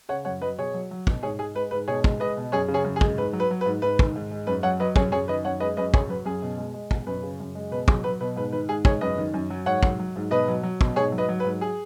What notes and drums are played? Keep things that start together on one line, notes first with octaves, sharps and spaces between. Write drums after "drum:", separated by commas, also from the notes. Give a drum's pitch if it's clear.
C#3 C#5 F#5
F#2 C#5 F#5
F#3 B4 D#5
B2 G#4 C#5
F#3
F#3
B2, drum: kick
G#2 G#4 C#5
G#3 G#4
G#3 B4
G#2 B4
B2 G#4 C#5
G#3, drum: kick
G#3 B4 D#5
B2
F#2 G#4 C#5
C#3
G#4 C#5
F#2
G#4
G#3, drum: kick
G#2 B4
F#3
B4
F#3
B4
G#2
G#2 B4
D#3, drum: kick
G#2
G#3
F#2 B4
F#3 C#5 F#5
F#3 B4 D#5
F#2 G#4 C#5, drum: kick
F#2 G#4 C#5
D#3 B4 D#5
F#2 C#5 F#5
G#3 B4 D#5
F#2 B4 D#5
F#3 G#4 C#5, drum: kick
F#3 B4
F#2 G#4
B2
G#3
G#3
B2, drum: kick
F#2 B4
C#3
F#2
G#3
B2 B4
F#3 G#4, drum: kick
F#3 B4
B2 B4
G#2 B4
D#3 B4
G#2 G#4
G#3 G#4 C#5, drum: kick
F#2 B4 D#5
D#3
F#2
F#3
G#2 C#5 F#5
F#3, drum: kick
F#3
G#2
B2 B4 D#5
F#3
F#3
B2, drum: kick
G#2 G#4 C#5
F#3
B4 D#5
F#3
B4
G#2
G#4